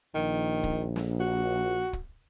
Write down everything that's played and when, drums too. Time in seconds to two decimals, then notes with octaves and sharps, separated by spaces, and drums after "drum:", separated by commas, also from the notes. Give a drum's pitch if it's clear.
0.15 A#1 D#3
0.64 drum: kick
0.96 drum: snare
1.20 F#4
1.93 drum: kick